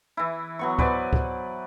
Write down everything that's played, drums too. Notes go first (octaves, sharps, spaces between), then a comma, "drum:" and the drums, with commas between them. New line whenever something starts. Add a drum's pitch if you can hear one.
E3 E4
F#3 B3 C#6
B4 C5 D5 G#5, drum: kick C#2
drum: kick C#2